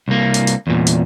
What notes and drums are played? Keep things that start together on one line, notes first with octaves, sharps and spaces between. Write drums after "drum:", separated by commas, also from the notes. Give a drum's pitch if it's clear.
C2 A#3
drum: hi-hat
drum: hi-hat
E2 A#2
drum: hi-hat